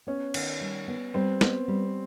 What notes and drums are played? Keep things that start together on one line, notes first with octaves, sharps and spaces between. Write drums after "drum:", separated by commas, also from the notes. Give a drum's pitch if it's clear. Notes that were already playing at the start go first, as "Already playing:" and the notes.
B3 C#4
D#3, drum: cymbal
G3
B3
G3 C4
B3, drum: snare
G3